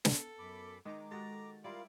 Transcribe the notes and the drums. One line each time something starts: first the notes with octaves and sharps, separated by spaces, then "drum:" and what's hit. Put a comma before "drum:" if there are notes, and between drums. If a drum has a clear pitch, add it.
B3 A4, drum: snare
F#2 B5 D6
D#3 G#3 D#4 A#5 D6
G#3 F#4 G4 A4 A#5 A6
G3 E4 F4 A#4 D5 F5 D7